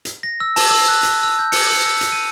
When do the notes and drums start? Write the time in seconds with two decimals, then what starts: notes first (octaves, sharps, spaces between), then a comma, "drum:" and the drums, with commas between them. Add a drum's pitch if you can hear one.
0.05 drum: hi-hat
0.23 A#6
0.40 E6
0.56 A5, drum: open hi-hat
0.70 E6
0.88 F#6
1.03 drum: hi-hat
1.23 E6
1.39 G6
1.52 C#7, drum: open hi-hat
1.72 C#7
1.85 E6
2.01 drum: hi-hat
2.12 D#7